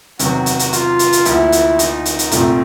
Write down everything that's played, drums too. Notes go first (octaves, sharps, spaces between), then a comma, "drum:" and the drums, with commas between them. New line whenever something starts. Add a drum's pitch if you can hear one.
E2 C3 D#3 F#3 F#4, drum: hi-hat
drum: hi-hat
drum: hi-hat
F4, drum: hi-hat
drum: hi-hat
drum: hi-hat
D2 D3 F3 A#3 E4, drum: hi-hat
drum: hi-hat
D#4, drum: hi-hat
drum: hi-hat
drum: hi-hat
C2 A#2 F3 A3 C4, drum: hi-hat